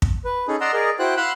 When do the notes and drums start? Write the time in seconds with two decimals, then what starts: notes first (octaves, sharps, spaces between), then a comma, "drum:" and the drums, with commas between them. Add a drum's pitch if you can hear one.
0.02 drum: kick
0.25 B4
0.48 C#4 D#4 G#4 A4
0.61 D5 D#5 F#5 A#5 C6 E6
0.73 G#4 A#4 D5 D#5
0.99 E4 F#4 C5 G5 F#6
1.17 F5 F#5 B5 C6 E6 F#6